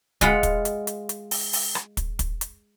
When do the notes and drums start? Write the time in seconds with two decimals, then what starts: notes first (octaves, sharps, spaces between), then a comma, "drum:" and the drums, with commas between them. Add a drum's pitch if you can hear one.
0.21 G#3 F4 F#5 B5, drum: kick, hi-hat
0.43 drum: kick, hi-hat
0.65 drum: hi-hat
0.87 drum: hi-hat
1.09 drum: hi-hat
1.31 drum: open hi-hat
1.53 drum: open hi-hat
1.75 drum: rim click
1.97 drum: kick, hi-hat
2.19 drum: kick, hi-hat
2.41 drum: hi-hat